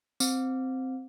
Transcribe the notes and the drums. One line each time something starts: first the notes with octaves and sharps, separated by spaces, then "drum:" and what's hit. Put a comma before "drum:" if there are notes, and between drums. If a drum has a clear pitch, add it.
C4, drum: tambourine